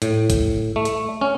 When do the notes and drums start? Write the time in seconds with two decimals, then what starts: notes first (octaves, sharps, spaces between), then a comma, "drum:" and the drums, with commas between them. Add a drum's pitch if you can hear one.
0.02 A2, drum: hi-hat
0.30 drum: kick, hi-hat
0.76 A3
0.85 drum: hi-hat
1.21 C#4